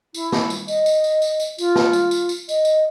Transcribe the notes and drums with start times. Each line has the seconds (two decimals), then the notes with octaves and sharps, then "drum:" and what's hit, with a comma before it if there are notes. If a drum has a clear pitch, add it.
0.14 E4, drum: tambourine
0.32 drum: snare
0.50 drum: tambourine
0.68 D#5, drum: tambourine
0.86 drum: tambourine
1.04 drum: tambourine
1.22 drum: tambourine
1.40 drum: tambourine
1.58 F4, drum: tambourine
1.75 drum: snare
1.93 drum: tambourine
2.11 drum: tambourine
2.29 drum: tambourine
2.49 D#5, drum: tambourine
2.65 drum: tambourine